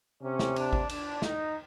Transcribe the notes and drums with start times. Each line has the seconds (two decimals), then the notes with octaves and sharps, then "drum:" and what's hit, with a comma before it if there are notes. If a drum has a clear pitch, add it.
0.23 C3 C#4
0.39 drum: snare
0.56 D4, drum: cymbal
0.73 drum: kick G#1
0.89 D4, drum: cymbal
1.22 D#4, drum: snare